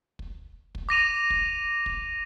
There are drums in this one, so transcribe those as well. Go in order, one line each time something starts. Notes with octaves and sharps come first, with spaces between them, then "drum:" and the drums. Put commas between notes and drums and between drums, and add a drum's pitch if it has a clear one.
drum: kick
drum: kick
D6 A#6 D#7 F7
drum: kick
drum: kick